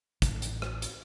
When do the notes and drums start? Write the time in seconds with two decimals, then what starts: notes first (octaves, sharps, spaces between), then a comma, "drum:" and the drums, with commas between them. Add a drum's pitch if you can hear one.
0.22 A1, drum: kick, hi-hat
0.42 drum: hi-hat
0.62 drum: rim click
0.82 drum: hi-hat